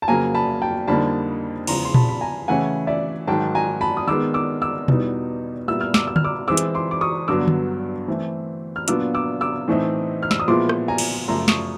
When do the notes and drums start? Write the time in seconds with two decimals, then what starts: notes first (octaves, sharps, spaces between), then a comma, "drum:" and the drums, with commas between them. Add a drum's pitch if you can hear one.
0.02 A5
0.08 F2 C#3 F#3 A#3 G#5 A#5
0.35 A5 B5
0.62 G5 A5
0.88 F2 D3 G3 A#3 D#4 A5 B5
1.67 E2 C#3 F3 G#3 A#5 C6, drum: cymbal
1.85 C6
1.94 A5 B5, drum: tom A#2
2.09 B5
2.21 G#5 A#5
2.48 C#3 E3 A3 C#4 E4 F#5 G#5
2.87 D5 E5
3.27 G#2 D#3 F#3 G5 A5
3.55 G#5 A#5
3.81 A5 B5
3.97 D#6
4.07 D#3 G#3 B3 D6 E6
4.34 D6 E6
4.62 D6 E6
4.88 E2 B2 G3 B3 D#4, drum: tom B2
5.68 A#2 G3 B3 E4 E6
5.81 F6
5.94 D6 E6, drum: snare
6.07 E6
6.16 F6, drum: tom D3
6.24 D6 E6
6.48 E3 G#3 C4 D6 E6
6.57 drum: hi-hat
6.74 C6 D6
6.91 D6
7.01 C#6 D#6
7.28 G2 D3 F#3 B3 D6 E6
7.48 drum: tom D3
8.08 E3 A3 C4
8.76 F6
8.88 A#2 F#3 B3 D4 F4 D6 E6, drum: hi-hat
9.14 D6 E6
9.41 D6 E6
9.68 A2 E3 A3 C4 D#4
10.23 F6
10.31 E6, drum: snare
10.39 D#6
10.48 A#2 F3 G#3 B3 E4 C6 D6
10.69 drum: rim click
10.88 G#5 A#5
10.98 drum: cymbal
11.28 F#2 C#3 F3 A3 A#5 C6
11.48 C#6 D#6, drum: snare